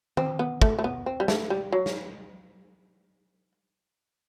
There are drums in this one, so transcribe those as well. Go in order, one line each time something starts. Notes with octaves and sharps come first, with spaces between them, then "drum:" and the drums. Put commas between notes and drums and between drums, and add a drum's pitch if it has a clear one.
C4, drum: tom D#3
B3
A3, drum: kick
A3
B3
C4
G3
A3, drum: snare
G3
F#3
drum: snare